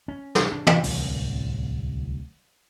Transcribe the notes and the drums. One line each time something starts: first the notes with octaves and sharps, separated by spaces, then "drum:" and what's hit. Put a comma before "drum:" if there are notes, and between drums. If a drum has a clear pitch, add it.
C#4
drum: snare
D4
drum: tom
D1 C2 A2 C#4, drum: open hi-hat